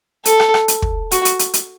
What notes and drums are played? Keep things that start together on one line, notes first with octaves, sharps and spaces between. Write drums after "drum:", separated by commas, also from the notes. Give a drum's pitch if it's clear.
A4, drum: hi-hat
drum: rim click
drum: rim click
drum: hi-hat
drum: kick
F#4, drum: hi-hat
drum: hi-hat
drum: hi-hat
drum: hi-hat